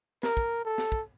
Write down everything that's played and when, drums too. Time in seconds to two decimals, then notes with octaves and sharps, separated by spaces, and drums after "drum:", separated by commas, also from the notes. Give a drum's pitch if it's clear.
0.23 A#4, drum: snare
0.37 drum: kick
0.65 A4
0.78 drum: snare
0.92 drum: kick